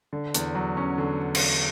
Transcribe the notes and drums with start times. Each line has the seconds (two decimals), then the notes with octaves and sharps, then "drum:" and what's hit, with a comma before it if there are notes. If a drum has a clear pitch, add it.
0.13 D3
0.34 E2, drum: hi-hat
0.55 F#3
0.77 C#4
0.98 D3
1.35 drum: cymbal